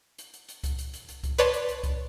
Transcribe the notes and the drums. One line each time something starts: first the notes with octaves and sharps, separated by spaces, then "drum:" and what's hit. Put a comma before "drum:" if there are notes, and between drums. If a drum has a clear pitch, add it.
drum: hi-hat
drum: hi-hat
drum: hi-hat
drum: kick C2, hi-hat
drum: hi-hat
drum: hi-hat
drum: hi-hat
drum: kick C2, hi-hat
B4 C#5 D5 A5 C6, drum: hi-hat
drum: hi-hat
drum: hi-hat
drum: kick C2, hi-hat